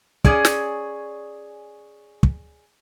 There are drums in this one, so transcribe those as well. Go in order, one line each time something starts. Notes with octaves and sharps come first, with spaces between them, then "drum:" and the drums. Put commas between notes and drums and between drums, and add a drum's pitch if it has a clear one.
C#4 G#4 D5, drum: kick
drum: snare
drum: kick